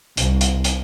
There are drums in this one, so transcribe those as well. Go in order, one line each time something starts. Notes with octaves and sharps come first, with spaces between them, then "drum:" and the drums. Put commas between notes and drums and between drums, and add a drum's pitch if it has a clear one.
C2, drum: hi-hat
drum: hi-hat
drum: hi-hat